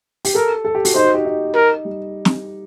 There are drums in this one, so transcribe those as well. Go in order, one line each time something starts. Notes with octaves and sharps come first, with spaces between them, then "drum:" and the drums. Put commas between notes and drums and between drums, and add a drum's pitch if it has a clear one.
G4, drum: open hi-hat
A4 A#4
A4
G4
F#4, drum: open hi-hat
D#4 C5
F#4
G4
D#4
A#4
G3
drum: snare